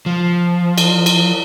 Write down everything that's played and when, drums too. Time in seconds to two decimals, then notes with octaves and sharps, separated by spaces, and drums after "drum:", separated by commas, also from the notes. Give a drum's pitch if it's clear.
0.06 F3
0.78 drum: cymbal
1.06 drum: cymbal